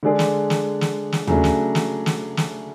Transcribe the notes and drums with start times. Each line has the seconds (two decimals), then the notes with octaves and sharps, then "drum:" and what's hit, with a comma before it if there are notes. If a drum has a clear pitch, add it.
0.03 D3 G#3 D4 G#4 D5
0.19 drum: snare
0.50 drum: snare
0.81 drum: snare
1.12 drum: snare
1.27 C#3 F#3 A3 D4, drum: tom
1.44 drum: snare
1.75 drum: snare
2.06 drum: snare
2.37 drum: snare